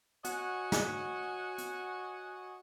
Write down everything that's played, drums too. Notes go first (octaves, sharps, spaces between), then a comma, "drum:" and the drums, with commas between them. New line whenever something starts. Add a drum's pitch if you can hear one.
F#4 C#5 D#5 F#5 G#5, drum: hi-hat
drum: snare
drum: hi-hat